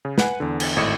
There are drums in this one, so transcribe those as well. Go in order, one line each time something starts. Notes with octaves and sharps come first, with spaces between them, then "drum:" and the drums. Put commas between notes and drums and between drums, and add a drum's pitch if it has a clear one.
C#3
B4 F#5 G#5, drum: snare
E2 D3
drum: cymbal
G#1 A2 D#5 G#6 C#7 E7